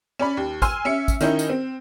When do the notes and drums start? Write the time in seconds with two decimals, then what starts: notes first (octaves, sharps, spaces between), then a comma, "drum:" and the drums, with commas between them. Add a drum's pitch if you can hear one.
0.19 C#4 D5 B5
0.37 D#2
0.62 G#5 C6 E6 F6, drum: kick, tambourine
0.85 C#4 E5 C#7
1.08 drum: kick, tambourine
1.21 D#3 C#4 D#4 E4, drum: tambourine
1.39 drum: tambourine
1.50 C4